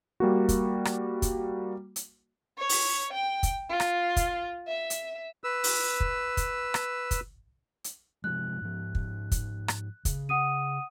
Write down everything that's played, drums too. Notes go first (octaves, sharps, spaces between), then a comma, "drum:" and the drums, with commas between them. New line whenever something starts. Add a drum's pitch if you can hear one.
G3 A#3 F#4
drum: kick, hi-hat
drum: rim click
drum: kick, hi-hat
drum: hi-hat
C#5
drum: open hi-hat
G5
drum: kick, hi-hat
F4
drum: rim click
drum: kick, hi-hat
E5
drum: hi-hat
B4 E6
drum: open hi-hat
drum: kick
drum: kick, hi-hat
drum: rim click
drum: kick, hi-hat
drum: hi-hat
C3 F3 G#3 F#6
G#2 F3
drum: kick
drum: kick, hi-hat
drum: rim click
C#3, drum: kick, hi-hat
F#5 D#6 D#7